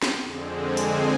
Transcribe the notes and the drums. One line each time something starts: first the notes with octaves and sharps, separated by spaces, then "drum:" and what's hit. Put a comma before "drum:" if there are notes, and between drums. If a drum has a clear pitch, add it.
drum: snare
F2 D3 G#3 C4
G#5
drum: open hi-hat